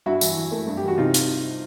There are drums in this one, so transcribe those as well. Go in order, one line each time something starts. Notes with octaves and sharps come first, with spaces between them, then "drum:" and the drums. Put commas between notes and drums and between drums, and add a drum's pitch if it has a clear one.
G2 E4 F#4
E3, drum: tambourine
E3
A3
G2
G4
E3 F#4
C3 D#4 F4
drum: hi-hat